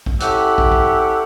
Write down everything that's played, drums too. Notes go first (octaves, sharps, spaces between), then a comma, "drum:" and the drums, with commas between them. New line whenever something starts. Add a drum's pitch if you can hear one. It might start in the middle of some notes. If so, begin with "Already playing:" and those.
drum: kick
C#4 E4 G4 A4 E5 F#5, drum: hi-hat
drum: kick
drum: kick